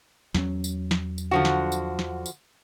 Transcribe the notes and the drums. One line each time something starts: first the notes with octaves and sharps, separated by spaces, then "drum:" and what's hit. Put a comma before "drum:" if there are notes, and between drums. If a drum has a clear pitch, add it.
E2 F#3 C#4, drum: snare
drum: tambourine
drum: snare
drum: tambourine
D3 F3 F#4
drum: snare
drum: tambourine
drum: snare
drum: tambourine